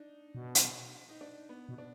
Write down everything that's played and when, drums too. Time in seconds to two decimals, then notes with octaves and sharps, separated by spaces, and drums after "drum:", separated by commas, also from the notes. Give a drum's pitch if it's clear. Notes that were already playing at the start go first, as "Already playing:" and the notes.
Already playing: D4 D#4
0.35 B2
0.55 drum: hi-hat
1.09 D#4
1.21 D4
1.49 B3
1.69 B2
1.78 D4